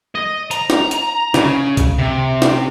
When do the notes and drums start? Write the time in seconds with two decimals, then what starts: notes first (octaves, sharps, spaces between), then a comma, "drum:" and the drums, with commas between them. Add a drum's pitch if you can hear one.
0.15 D#5
0.51 A#5, drum: hi-hat
0.70 drum: snare
0.91 drum: hi-hat
1.34 C#3, drum: snare
1.77 drum: kick C2, hi-hat
1.98 C3
2.42 drum: snare